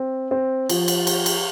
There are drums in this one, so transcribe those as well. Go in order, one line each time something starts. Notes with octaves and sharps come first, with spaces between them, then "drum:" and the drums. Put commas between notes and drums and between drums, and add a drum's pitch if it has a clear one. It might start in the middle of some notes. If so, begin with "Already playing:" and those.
Already playing: C4
C4
F3, drum: cymbal
drum: cymbal
drum: cymbal
drum: cymbal